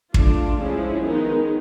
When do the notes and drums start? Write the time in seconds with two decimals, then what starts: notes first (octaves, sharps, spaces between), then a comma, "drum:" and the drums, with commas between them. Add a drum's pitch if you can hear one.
0.14 A3 D4 F4, drum: kick
0.59 F3 G#3 C#4 E4
1.04 D#3 G#3 B3 D#4